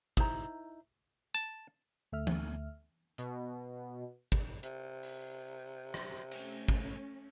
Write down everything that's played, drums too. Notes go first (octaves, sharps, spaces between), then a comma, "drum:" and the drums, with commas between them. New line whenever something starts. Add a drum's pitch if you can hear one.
D#4 E4 C5 A#5, drum: kick
A5
D2 A3 E5 F6
drum: tom E3
B2, drum: hi-hat
drum: kick
C3, drum: hi-hat
drum: open hi-hat
drum: rim click
A3 C#4, drum: cymbal
drum: kick